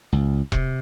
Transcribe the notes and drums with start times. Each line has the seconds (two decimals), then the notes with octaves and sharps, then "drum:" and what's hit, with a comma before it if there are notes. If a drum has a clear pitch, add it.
0.12 C#2
0.52 C3, drum: kick E1